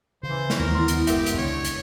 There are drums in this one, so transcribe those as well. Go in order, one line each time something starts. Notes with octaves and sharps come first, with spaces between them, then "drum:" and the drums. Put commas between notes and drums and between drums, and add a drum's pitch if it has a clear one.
C#3 E3 C5
drum: snare
D#2 G#3 B3 A#4
E4 C6
drum: hi-hat
F#1 G#3 G4 A#4 E5, drum: hi-hat
drum: hi-hat
C#2 D4 C#5
drum: hi-hat